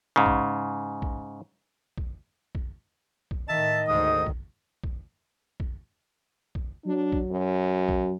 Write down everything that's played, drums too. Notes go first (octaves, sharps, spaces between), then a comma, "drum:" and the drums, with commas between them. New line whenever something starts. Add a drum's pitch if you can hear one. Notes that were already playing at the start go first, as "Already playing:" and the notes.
G#2 C#3
drum: kick
drum: kick
drum: kick
drum: kick
drum: kick
A2 D#3 D#5 E5 A5
D2 G#2 D#3 D#6
drum: kick
drum: kick
drum: kick
drum: kick
F#3 D4
drum: kick
F#2
drum: kick